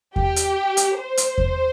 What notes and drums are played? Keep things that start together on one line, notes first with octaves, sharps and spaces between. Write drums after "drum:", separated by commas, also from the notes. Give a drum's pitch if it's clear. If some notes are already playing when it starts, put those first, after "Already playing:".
G4, drum: kick E2
drum: hi-hat
drum: hi-hat
C5
drum: hi-hat
drum: kick E2